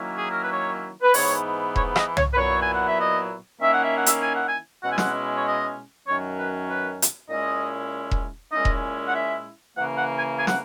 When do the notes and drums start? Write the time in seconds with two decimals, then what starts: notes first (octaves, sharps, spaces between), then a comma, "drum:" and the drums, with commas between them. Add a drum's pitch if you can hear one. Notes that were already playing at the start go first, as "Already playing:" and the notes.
Already playing: D#3 F#3 A#3 C#4 E4
0.18 G#4
0.30 A#4
0.41 B4
0.52 C#5
1.02 B4
1.14 G#2 E3 B3 D#4 C#5, drum: open hi-hat
1.76 C#5, drum: kick E1
1.96 D#5, drum: rim click
2.17 C#5, drum: tom
2.33 B4
2.37 A#2 F#3 B3 E4 C#5
2.63 G#5
2.74 F#5
2.87 E5
2.99 D#5
3.60 D#3 A#3 C#4 E4 E5
3.73 F#5
3.84 E5
3.96 F#5
4.06 E5, drum: hi-hat
4.22 G#5
4.35 F#5
4.46 G#5
4.83 B2 G#3 C#4 E4 F#5
4.92 G#5
4.98 F#5, drum: snare
5.35 C#5
5.45 D#5
6.07 F#2 D#3 F#3 C#4 C#5
6.38 B4
6.68 B4
7.02 drum: hi-hat
7.30 A#2 G#3 C#4 E4 D#5
8.11 drum: kick E1
8.52 A#2 G#3 C#4 E4 D#5
8.65 drum: kick E1
9.07 F#5
9.15 E5
9.76 C#3 E3 A#3 F#5
9.97 F#5
10.17 G#5
10.38 G#5
10.47 F#5, drum: snare